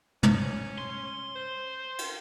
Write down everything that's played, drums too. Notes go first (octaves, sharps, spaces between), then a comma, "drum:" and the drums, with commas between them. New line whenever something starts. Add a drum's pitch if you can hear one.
C#4, drum: tom
C6
C5
drum: cymbal